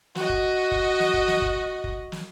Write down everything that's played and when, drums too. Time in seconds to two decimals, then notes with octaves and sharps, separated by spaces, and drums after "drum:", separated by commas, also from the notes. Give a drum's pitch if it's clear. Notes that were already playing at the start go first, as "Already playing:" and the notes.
0.15 F#4 D#5, drum: snare
0.29 drum: kick
0.71 drum: kick
1.00 drum: snare
1.14 drum: kick
1.28 drum: snare
1.42 drum: kick
1.84 drum: kick
2.12 drum: snare